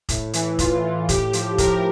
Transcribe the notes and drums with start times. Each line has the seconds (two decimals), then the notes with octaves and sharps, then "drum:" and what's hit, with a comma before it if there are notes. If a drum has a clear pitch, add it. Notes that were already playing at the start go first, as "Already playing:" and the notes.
0.09 A2, drum: kick F1, hi-hat
0.33 E3, drum: hi-hat
0.59 A2 F4, drum: kick F1, hi-hat
0.83 E3
1.09 A2 G4, drum: kick F1, hi-hat
1.33 F3, drum: hi-hat
1.58 A2 G4 A#4, drum: kick F1, hi-hat